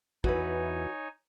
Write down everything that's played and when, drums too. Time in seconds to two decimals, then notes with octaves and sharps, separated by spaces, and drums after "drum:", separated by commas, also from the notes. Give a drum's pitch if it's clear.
0.24 E2 E3 D#4 E4 F#4 B4 C#5 G#5, drum: kick